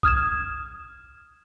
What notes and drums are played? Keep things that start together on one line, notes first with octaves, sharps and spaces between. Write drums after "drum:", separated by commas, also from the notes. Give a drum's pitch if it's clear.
D#6 F6 G#6 E7, drum: kick B1